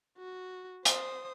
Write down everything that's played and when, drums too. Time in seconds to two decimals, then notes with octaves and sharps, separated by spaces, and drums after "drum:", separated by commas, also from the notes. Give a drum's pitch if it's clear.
0.18 F#4
0.85 C5 D#6, drum: hi-hat